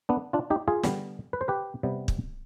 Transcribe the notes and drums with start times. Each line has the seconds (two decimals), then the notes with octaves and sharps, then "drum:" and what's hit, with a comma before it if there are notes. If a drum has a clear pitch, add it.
0.09 B3 D4
0.33 D4 F4
0.50 D#4 G4
0.68 F4 G#4
0.84 D3 G3 B3, drum: snare
1.33 B4
1.41 C5
1.48 G4 B4
1.83 C3 G3 B3
2.08 drum: kick